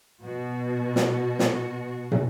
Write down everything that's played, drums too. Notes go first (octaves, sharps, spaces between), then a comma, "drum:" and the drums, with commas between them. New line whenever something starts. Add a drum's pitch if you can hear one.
B2 F#4
drum: snare
drum: snare
drum: tom